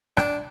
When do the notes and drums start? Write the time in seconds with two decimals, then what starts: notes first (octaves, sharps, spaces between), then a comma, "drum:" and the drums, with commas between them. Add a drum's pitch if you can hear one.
0.17 D4, drum: rim click